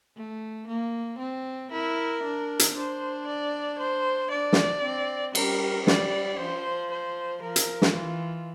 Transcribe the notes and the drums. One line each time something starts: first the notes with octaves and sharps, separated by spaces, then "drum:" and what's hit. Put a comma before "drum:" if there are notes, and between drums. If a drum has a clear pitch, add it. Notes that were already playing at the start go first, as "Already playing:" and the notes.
A3
A#3
C4
E4 A#4
D4
drum: hi-hat
D4 C5
D5
C5
D4 D5
drum: snare
C4
G3 A#4, drum: cymbal
G3 D5, drum: snare
F3 C5
C5
F3 A#4
drum: hi-hat
drum: snare
E3 F4